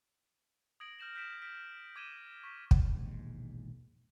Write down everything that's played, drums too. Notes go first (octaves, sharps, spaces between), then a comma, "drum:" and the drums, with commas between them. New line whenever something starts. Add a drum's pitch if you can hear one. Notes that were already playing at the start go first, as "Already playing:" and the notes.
D#6 G#6 A#6 D7 F#7
F6 G6 A#6 E7 F#7
F6 G6 A#6 B6 D7 E7
F6 B6 D7
D6 G#6 D#7 E7 G7
C#6 B6
drum: kick
E1 A#1 D#2 G#2